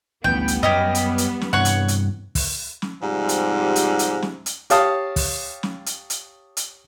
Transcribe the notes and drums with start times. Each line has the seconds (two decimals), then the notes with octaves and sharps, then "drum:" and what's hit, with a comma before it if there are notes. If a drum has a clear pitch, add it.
0.24 A1 D2 G3 B3 G5
0.48 drum: hi-hat
0.63 F#2 C#4 G4 D#5
0.95 drum: hi-hat
1.18 drum: hi-hat
1.41 drum: snare
1.53 G2 C3 E3 C#5 F#5
1.65 drum: hi-hat
1.88 drum: hi-hat
2.35 drum: kick, open hi-hat
2.82 drum: snare
3.02 G#2 C3 F3 G3
3.29 drum: hi-hat
3.76 drum: hi-hat
3.99 drum: hi-hat
4.22 drum: snare
4.46 drum: hi-hat
4.70 G4 C#5 F5 A5 D#6, drum: hi-hat
5.16 drum: kick, open hi-hat
5.63 drum: snare
5.86 drum: hi-hat
6.10 drum: hi-hat
6.57 drum: hi-hat